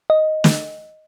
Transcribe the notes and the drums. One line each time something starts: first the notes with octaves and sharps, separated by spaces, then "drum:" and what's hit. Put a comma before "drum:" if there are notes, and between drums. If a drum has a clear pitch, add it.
D#5
drum: snare